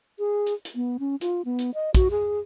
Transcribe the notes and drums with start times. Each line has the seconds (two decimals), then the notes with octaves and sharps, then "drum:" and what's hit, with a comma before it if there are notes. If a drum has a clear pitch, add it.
0.19 G#4
0.46 drum: hi-hat
0.65 drum: hi-hat
0.75 B3
0.99 C#4
1.21 F4, drum: hi-hat
1.45 B3
1.59 drum: hi-hat
1.74 D#5
1.95 F#4, drum: kick, hi-hat
2.11 G#4